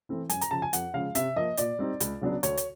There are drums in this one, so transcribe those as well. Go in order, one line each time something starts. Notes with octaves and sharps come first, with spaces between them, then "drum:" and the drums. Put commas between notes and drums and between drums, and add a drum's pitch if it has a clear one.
E3 A3 C4 E4
F#2 G#5, drum: hi-hat
A#5, drum: hi-hat
C#3 F3 A5
G#5
F2 F#5, drum: hi-hat
C#3 F3 G#3 F5
C3 E5, drum: hi-hat
F3 A#3 D#5
A#2 D5, drum: hi-hat
G3 C4 D#4
C#2, drum: hi-hat
C#3 F#3 B3 D4
D2 C#5, drum: hi-hat
drum: hi-hat